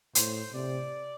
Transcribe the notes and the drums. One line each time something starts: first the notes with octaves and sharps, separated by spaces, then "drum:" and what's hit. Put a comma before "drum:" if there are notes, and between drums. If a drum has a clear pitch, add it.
A2 C5, drum: hi-hat
C3 D5